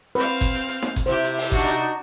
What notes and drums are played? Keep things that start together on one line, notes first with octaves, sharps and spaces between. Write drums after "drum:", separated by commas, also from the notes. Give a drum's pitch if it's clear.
C4 B4 F5
drum: kick F#1, hi-hat
drum: hi-hat
drum: hi-hat
drum: snare D#4
drum: kick F#1, hi-hat
C3 E4 G4 C5
drum: hi-hat
drum: open hi-hat
D4 D#4 F#4, drum: kick F#1
drum: hi-hat